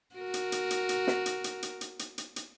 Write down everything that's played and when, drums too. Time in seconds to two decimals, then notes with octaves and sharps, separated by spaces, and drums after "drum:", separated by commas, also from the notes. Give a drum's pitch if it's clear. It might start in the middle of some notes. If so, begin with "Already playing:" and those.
0.15 F#4 A#4
0.34 drum: hi-hat
0.52 drum: hi-hat
0.70 drum: hi-hat
0.89 drum: hi-hat
1.07 drum: snare
1.26 drum: hi-hat
1.44 drum: hi-hat
1.63 drum: hi-hat
1.81 drum: hi-hat
1.99 drum: hi-hat
2.18 drum: hi-hat
2.36 drum: hi-hat